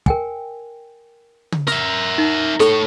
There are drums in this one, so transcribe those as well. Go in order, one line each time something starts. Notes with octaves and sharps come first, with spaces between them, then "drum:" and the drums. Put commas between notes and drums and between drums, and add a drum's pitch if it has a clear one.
A#4 G5 G#5, drum: kick
drum: tom C#3
A#4 E5, drum: snare
D#4
A3 A4 C#5, drum: snare